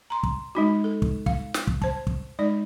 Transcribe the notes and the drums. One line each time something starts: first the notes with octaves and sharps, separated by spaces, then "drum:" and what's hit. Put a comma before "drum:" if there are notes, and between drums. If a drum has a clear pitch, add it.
A#5 C6
drum: kick
G#3 D#4 F#4
A4
drum: kick
F5, drum: kick
drum: snare
drum: kick
C5 A5, drum: kick
drum: kick
G#3 D#4 D5